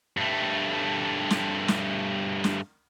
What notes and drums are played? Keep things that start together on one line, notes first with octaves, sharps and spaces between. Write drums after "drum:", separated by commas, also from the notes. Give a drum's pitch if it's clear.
G2 A3
drum: snare
drum: snare
drum: snare